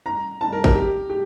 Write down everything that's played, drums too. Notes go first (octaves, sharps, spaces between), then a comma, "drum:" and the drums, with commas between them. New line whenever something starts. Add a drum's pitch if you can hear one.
A#5
A5
A#4
A#4, drum: kick
G4
G4